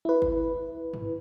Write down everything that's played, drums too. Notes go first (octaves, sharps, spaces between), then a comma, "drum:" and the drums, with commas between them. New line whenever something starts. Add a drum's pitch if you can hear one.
E4 B4
drum: kick G1
drum: tom